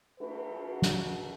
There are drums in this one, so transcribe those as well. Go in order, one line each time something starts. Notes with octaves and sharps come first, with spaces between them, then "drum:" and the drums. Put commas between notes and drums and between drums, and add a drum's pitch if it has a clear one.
B4, drum: cymbal
F#4
drum: snare